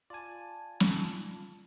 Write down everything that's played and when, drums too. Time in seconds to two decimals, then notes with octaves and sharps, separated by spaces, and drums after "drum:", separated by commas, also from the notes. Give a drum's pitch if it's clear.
0.10 F4 D5 G#5 A5
0.80 drum: snare